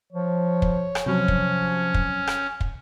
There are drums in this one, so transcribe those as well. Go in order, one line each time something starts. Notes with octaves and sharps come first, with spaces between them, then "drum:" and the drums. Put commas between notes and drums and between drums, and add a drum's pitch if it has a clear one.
F3 C#5
drum: kick
drum: rim click
C3 F3 F#3 C#4
drum: kick
drum: kick
drum: rim click
drum: kick